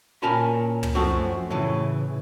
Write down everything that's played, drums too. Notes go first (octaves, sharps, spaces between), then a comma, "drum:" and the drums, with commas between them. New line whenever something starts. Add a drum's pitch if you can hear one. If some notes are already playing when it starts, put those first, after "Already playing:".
A#2 C#4 A#4 G#5 A5 B5
drum: tom
F#2 F3 F#3 A3 C4 F#4
A2 C#3 E3